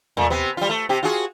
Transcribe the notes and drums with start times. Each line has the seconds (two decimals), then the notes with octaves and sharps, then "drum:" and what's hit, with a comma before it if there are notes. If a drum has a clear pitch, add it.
0.17 A#2 A3, drum: tom D#2
0.30 C3 B3
0.57 G3 F4
0.70 A3
0.89 C3 G4
1.03 F4 F#4 G#4